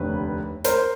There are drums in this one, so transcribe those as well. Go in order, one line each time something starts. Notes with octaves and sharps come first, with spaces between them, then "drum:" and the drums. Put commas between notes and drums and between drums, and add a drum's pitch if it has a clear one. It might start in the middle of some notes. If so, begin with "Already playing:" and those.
Already playing: F1 D#2 D3 B4
A#4 C5, drum: hi-hat